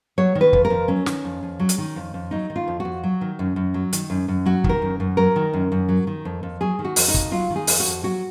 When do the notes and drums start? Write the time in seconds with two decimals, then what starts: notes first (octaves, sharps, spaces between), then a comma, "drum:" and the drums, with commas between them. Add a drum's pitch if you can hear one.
0.18 F#3 C#5
0.35 D#3
0.41 B4
0.53 F2, drum: kick
0.65 A#4
0.70 F2
0.88 F#3 C#4
1.06 D#3, drum: snare
1.25 F2
1.43 F2
1.60 F#3
1.69 drum: hi-hat
1.78 D#3
1.96 F2
2.14 F2
2.31 F#3 D#4
2.50 D#3
2.56 F4
2.68 F2
2.80 F#4
2.85 F2
3.04 F#3
3.21 D#3
3.39 F#2
3.56 F#2
3.74 F#3
3.93 D#3, drum: hi-hat
4.10 F#2
4.28 F#2
4.46 F#3 F#4
4.64 D#3, drum: kick
4.69 A#4
4.82 F#2
5.00 F#2
5.17 F#3 A#4
5.36 D#3
5.53 F#2
5.72 F#2
5.89 F#3
6.07 D#3
6.25 F2
6.43 F2
6.61 F#3 G#4
6.79 D#3
6.85 F#4
6.96 F2, drum: open hi-hat
7.08 D#4
7.14 F2, drum: kick
7.31 F#3 F4
7.50 D#3
7.56 G#4
7.67 F2, drum: open hi-hat
7.80 F#4
7.86 F2
8.03 F#3 F#4